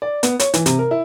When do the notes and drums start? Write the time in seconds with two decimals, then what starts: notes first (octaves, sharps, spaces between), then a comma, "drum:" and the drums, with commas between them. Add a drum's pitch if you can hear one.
0.02 D5
0.23 B3, drum: hi-hat
0.39 C#5, drum: hi-hat
0.54 E3, drum: hi-hat
0.66 C3, drum: hi-hat
0.79 A#4
0.91 E4